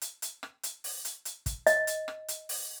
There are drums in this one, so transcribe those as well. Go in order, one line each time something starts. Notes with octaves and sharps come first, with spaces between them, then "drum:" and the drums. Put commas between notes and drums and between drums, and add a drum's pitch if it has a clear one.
drum: hi-hat
drum: hi-hat
drum: rim click
drum: hi-hat
drum: open hi-hat
drum: hi-hat
drum: hi-hat
drum: kick, hi-hat
D#5, drum: hi-hat
drum: hi-hat
drum: rim click
drum: hi-hat
drum: open hi-hat